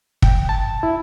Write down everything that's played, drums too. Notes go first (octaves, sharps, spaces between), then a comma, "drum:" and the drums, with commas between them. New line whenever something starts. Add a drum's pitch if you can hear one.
G5, drum: kick
A5
E4